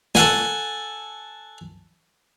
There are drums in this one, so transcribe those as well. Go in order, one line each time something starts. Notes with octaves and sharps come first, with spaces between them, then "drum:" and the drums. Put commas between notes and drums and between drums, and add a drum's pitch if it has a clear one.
A4 F#5 G#5, drum: snare